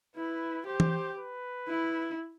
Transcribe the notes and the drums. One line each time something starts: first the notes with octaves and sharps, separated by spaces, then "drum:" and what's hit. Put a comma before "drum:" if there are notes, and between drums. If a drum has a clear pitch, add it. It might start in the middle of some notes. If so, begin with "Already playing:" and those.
E4 B4
G4 C5
drum: tom E3
B4
E4